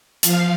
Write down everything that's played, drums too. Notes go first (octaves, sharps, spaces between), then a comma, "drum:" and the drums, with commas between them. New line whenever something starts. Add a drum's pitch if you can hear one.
F3 F5, drum: hi-hat